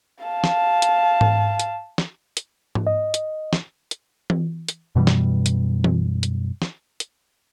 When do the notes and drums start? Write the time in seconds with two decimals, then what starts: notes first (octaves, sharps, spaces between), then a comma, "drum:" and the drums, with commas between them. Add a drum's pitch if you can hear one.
0.24 F5 A5
0.44 drum: snare
0.82 drum: hi-hat
1.21 drum: tom G#2
1.59 drum: hi-hat
1.98 drum: snare
2.37 drum: hi-hat
2.75 drum: tom G#2
2.87 D#5
3.14 drum: hi-hat
3.53 drum: snare
3.91 drum: hi-hat
4.30 drum: tom E3
4.68 drum: hi-hat
4.95 F#2 B2 E3 G3
5.07 drum: snare
5.46 drum: hi-hat
5.84 drum: tom E3
6.23 drum: hi-hat
6.62 drum: snare
7.00 drum: hi-hat